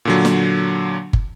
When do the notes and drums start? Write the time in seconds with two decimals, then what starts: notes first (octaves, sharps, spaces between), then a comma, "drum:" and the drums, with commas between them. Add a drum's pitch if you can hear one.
0.05 A#2 D3 F#3
0.25 drum: snare
1.13 drum: kick